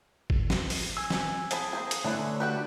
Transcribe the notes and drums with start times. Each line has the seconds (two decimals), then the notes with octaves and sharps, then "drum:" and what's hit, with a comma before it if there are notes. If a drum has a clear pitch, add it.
0.30 drum: kick G#1
0.50 drum: snare
0.70 drum: open hi-hat
0.97 G#5 E6
1.10 drum: snare
1.51 C4 G#4 A5 B5, drum: hi-hat
1.73 A#3 C5 G#5
1.91 drum: hi-hat
2.05 D3 A3 C#4 D4 E4 B4
2.40 F#4 G4 B4